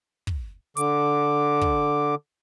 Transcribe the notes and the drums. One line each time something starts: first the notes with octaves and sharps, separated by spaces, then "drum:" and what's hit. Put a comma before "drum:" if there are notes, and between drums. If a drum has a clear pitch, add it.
drum: kick
D3 D6, drum: hi-hat
drum: kick